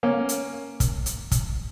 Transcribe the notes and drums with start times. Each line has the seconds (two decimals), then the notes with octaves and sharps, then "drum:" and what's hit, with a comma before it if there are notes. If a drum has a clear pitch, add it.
0.03 A#3 C#4
0.29 drum: hi-hat
0.80 drum: kick, hi-hat
1.06 drum: hi-hat
1.32 drum: kick, hi-hat